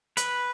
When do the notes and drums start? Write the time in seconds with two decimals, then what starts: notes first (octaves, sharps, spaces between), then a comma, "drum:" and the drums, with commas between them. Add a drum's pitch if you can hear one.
0.17 B4, drum: hi-hat